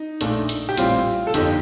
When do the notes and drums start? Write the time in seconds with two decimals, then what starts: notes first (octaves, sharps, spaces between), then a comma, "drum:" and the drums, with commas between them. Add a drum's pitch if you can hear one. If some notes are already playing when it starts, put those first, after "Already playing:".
Already playing: D#4
0.21 A#1 A#2 A3 D4, drum: hi-hat
0.49 drum: hi-hat
0.69 G4
0.77 A#1 A2 G3 C4 F4, drum: hi-hat
1.27 A4
1.34 G1 F2 D3 D#4 G4, drum: hi-hat